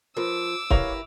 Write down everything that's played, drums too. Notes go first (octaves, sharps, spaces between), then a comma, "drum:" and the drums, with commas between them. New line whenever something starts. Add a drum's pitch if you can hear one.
F3 A#4 B4 D6 E6
E4 G4 A#4 B4 C#5 F5 F7, drum: kick C#1